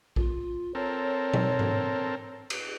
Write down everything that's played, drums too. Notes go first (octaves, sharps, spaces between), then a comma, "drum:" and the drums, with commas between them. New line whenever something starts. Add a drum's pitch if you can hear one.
F4, drum: kick A#1
C4 A4 A#4 C#5
drum: tom B2
drum: tom G#2
drum: cymbal